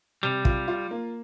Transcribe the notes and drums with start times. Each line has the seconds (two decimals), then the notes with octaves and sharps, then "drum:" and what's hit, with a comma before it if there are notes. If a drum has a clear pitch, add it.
0.23 C3 G3
0.45 F4, drum: kick
0.68 F4
0.91 A#3